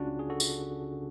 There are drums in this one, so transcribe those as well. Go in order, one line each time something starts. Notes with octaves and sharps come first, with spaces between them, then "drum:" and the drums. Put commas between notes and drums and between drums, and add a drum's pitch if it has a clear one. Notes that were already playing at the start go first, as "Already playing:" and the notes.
Already playing: C#2 C#3 C#4 D4 F4 F#4
G#4
F#4 A4
drum: tambourine